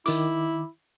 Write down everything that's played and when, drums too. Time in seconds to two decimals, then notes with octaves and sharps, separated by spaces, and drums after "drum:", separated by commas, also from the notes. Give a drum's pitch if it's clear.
0.06 D#3 E4 D6, drum: hi-hat